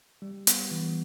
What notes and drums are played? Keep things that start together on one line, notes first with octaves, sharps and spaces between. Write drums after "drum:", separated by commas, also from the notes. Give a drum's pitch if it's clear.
G3
B3, drum: hi-hat
E3